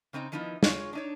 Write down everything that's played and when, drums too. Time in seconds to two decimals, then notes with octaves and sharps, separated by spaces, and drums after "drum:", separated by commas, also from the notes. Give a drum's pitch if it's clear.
0.13 C#3 C4 D#4 A#5
0.32 D#3 F3 B3 D#4 E4
0.63 G#3 F4 G#4 C#5, drum: snare
0.93 D4 D#4 C#5